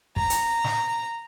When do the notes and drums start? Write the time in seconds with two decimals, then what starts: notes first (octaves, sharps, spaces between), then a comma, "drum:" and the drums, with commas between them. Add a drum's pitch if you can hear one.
0.16 A#5, drum: kick
0.30 drum: hi-hat
0.64 drum: snare